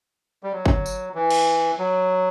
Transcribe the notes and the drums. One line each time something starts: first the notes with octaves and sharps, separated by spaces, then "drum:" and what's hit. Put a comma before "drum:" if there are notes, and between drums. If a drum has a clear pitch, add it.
G3
F#3
drum: kick G1
drum: tambourine
E3
drum: cymbal
F#3